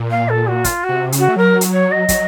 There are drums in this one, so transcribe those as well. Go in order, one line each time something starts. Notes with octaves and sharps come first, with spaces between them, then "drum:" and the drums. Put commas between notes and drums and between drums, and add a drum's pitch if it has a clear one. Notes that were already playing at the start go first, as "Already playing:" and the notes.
Already playing: A#2
F5
A4
F#4
F4, drum: kick, hi-hat
F#4
C3
C#3, drum: hi-hat
F#4
A3
F#3 A#4
drum: hi-hat
C#5
D#5
F#3, drum: kick, hi-hat